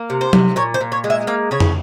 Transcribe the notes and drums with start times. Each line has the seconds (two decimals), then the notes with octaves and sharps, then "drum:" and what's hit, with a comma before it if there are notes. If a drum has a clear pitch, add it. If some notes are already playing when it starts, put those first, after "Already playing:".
Already playing: A#3
0.10 C3
0.21 C5
0.33 C3, drum: tom F#3
0.56 A#2 C#5
0.74 C5
0.81 A#2
0.92 C#5
1.04 G#3
1.10 E5
1.27 A#3 F5
1.51 C#3 C#5
1.60 drum: tom